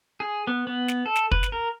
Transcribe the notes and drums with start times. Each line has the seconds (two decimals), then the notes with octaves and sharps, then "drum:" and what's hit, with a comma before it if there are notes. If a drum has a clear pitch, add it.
0.20 G#4
0.47 B3
0.67 B3
0.88 drum: snare
1.06 A4
1.16 drum: snare
1.31 B4, drum: kick
1.43 drum: snare
1.52 A#4